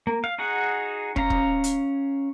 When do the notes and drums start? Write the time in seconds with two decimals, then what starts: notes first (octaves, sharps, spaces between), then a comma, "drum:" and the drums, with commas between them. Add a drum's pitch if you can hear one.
0.07 A#3
0.24 F5
0.38 D#4 F#4 G#4 F#5
1.16 C#4 F5 A#5, drum: kick
1.30 drum: kick
1.64 drum: hi-hat